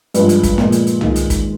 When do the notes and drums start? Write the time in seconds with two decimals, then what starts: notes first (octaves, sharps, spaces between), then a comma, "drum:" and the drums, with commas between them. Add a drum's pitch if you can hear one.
0.14 G2 F3 G#3, drum: hi-hat
0.29 drum: hi-hat
0.43 drum: kick, hi-hat
0.58 A#2 F3 G#3, drum: snare
0.72 drum: hi-hat
0.87 drum: hi-hat
1.01 G#2 D#3 G#3 F4, drum: tom C2
1.16 drum: hi-hat
1.30 drum: kick, hi-hat